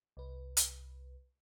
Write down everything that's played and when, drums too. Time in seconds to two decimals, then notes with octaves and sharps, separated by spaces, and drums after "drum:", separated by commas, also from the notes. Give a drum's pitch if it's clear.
0.17 C2 B4
0.57 drum: hi-hat